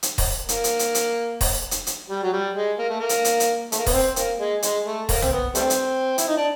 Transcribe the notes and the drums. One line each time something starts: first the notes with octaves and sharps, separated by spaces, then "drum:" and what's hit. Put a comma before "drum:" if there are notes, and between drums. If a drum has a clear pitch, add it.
drum: hi-hat
drum: kick D#1, open hi-hat
A#3, drum: hi-hat
drum: hi-hat
drum: hi-hat
drum: hi-hat
drum: kick D#1, open hi-hat
drum: hi-hat
drum: hi-hat
G3
F#3
G3
G#3
A#3
A3
A#3
drum: hi-hat
drum: hi-hat
drum: hi-hat
A3, drum: hi-hat
A#3
B3, drum: kick D#1, open hi-hat
C4
A#3, drum: hi-hat
G#3
G#3, drum: hi-hat
A3
A#3, drum: kick D#1, open hi-hat
C4, drum: tom B1
B3
G3 A3 C4, drum: hi-hat
drum: hi-hat
E4, drum: hi-hat
D#4
D4